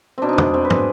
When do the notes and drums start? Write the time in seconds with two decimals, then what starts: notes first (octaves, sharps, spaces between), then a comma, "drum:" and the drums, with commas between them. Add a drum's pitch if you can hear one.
0.18 B2 C4 D4
0.29 D4 D#4
0.38 G#3, drum: tom
0.54 G#3 C4
0.65 B4
0.70 B2 G#4, drum: tom